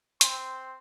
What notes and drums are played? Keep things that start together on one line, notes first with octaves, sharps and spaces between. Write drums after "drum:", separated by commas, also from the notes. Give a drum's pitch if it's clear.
C4 C6, drum: hi-hat